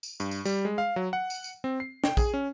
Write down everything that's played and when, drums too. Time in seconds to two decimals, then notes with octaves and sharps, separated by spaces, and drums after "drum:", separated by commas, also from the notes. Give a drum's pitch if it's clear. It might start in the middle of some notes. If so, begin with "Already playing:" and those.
0.03 drum: tambourine
0.20 G2, drum: tambourine
0.31 drum: tambourine
0.45 G3, drum: tambourine
0.65 G#3
0.78 F5
0.96 F#3
1.13 F#5
1.30 drum: tambourine
1.44 drum: tambourine
1.64 C4
1.80 C7
2.04 G5, drum: snare
2.17 G#4, drum: kick, tambourine
2.34 C#4